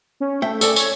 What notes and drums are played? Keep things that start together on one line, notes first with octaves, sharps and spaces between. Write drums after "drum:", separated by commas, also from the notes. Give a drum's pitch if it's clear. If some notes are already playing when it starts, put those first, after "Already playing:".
C#4
A3 E5 G5
A4 D5 G#5, drum: tambourine
C#5, drum: tambourine